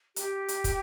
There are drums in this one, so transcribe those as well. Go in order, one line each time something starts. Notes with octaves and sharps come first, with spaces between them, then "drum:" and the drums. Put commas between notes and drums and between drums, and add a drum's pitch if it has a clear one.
G4, drum: hi-hat
drum: hi-hat
drum: kick, hi-hat